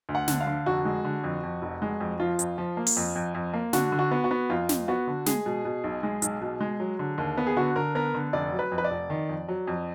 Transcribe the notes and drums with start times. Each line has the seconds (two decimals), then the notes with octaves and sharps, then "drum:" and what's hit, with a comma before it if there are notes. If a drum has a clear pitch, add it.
0.09 D2
0.15 F#5
0.28 D3, drum: snare
0.41 F5
0.47 D3
0.66 F1 F#4
0.85 G#3
1.05 D3
1.24 F2
1.43 F2
1.62 F1
1.82 G#3
2.00 F2
2.20 F3 F4
2.39 F2, drum: hi-hat
2.58 F3
2.77 A#3
2.87 drum: open hi-hat
2.97 F2
3.16 F2
3.35 F2
3.54 A#3
3.73 D3 F#4, drum: snare
3.92 D3
3.99 F#4
4.11 B3
4.24 F#4
4.31 B3
4.50 F2 F4
4.69 F2, drum: snare
4.88 B3 F#4
5.07 D3
5.26 G#3 G#4, drum: snare
5.46 B2
5.65 B2
5.84 B1
6.03 G#3
6.22 B1, drum: hi-hat
6.41 B2
6.61 G#3
6.80 F#3
6.99 D3
7.18 D#2
7.38 B3
7.47 G#4
7.56 D3 F#4
7.76 D3 A#4
7.95 B3 A#4
8.14 D3
8.33 F1 D5
8.52 F#3
8.59 B4
8.72 F2
8.78 B4
8.84 D5
8.91 F1
9.10 D#3
9.29 F2
9.48 F#3
9.67 F2